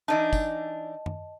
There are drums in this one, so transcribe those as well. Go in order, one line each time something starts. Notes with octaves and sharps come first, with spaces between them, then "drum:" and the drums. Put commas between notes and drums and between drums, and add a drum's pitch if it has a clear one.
E3 D4 D#4 D#5 A5
drum: kick, tambourine
drum: tom F#2